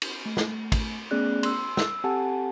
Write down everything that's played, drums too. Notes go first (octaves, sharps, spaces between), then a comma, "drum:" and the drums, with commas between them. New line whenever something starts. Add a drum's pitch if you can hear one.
drum: cymbal
A3
drum: snare
drum: kick, cymbal
A3 B3 C#4 G#4 D5 F#6
C6 E6, drum: cymbal
E6, drum: snare
C4 G4 A4 F#5 G#5 A5